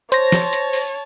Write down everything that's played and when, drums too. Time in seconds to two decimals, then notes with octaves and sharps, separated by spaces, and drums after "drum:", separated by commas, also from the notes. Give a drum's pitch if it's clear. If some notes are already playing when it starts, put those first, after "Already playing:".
0.12 C5 C#5 A5 A#6, drum: hi-hat
0.32 drum: snare
0.53 drum: hi-hat
0.73 drum: open hi-hat